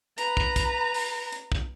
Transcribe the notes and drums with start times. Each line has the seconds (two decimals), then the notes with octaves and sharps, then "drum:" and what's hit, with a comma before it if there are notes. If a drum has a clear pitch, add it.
0.18 B4 A#5, drum: hi-hat
0.37 drum: kick
0.56 drum: kick, hi-hat
0.94 drum: open hi-hat
1.32 drum: hi-hat
1.52 drum: kick